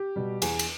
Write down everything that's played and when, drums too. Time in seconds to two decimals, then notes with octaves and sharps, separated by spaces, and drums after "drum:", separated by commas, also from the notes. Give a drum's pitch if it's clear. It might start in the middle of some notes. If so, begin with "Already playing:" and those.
Already playing: G4
0.16 B2 G3
0.42 E2 G#4, drum: cymbal
0.59 drum: cymbal